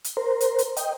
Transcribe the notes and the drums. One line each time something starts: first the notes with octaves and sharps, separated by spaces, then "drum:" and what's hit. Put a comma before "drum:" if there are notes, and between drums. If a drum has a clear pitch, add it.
drum: hi-hat
A#4 C5
drum: hi-hat
drum: hi-hat
D#5 G5, drum: hi-hat